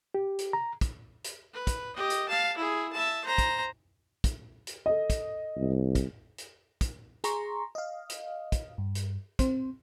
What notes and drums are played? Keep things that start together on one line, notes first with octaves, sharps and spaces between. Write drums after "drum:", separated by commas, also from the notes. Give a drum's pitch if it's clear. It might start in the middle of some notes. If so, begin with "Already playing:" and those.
G4
drum: hi-hat
A#5
drum: kick, hi-hat
drum: hi-hat
B4
drum: kick, hi-hat
G4 D#5
drum: hi-hat
F5 A5
E4 G#4
E5 A5
C5 A#5
drum: kick, hi-hat
drum: kick, hi-hat
drum: hi-hat
A4 D#5
drum: kick, hi-hat
C2
drum: kick, hi-hat
drum: hi-hat
drum: kick, hi-hat
G#4 A#5 C6 C#6, drum: hi-hat
D#5 F5
drum: hi-hat
drum: kick, hi-hat
G2
drum: hi-hat
C4 C5, drum: kick, hi-hat